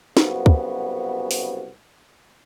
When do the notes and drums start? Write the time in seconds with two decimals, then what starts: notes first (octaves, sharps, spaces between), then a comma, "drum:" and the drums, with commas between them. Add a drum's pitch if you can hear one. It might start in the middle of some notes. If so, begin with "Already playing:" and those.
0.17 C2 F#2 C#3 B3 F#4, drum: snare
0.46 drum: kick
1.31 drum: open hi-hat